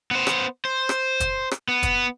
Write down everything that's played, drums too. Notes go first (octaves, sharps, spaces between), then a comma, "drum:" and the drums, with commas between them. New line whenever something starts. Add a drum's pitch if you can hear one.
B3 C5
drum: rim click
C5
drum: rim click
drum: kick, hi-hat
drum: rim click
B3
drum: kick, hi-hat